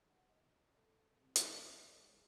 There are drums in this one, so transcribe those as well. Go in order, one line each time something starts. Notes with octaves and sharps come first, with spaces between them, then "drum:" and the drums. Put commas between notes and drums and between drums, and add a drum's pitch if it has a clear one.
F#5
D#5
A4
C2
C#2, drum: hi-hat
G#3